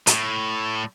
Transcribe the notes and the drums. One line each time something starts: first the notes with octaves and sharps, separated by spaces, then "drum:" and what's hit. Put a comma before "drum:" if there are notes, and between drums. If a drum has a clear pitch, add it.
A2, drum: hi-hat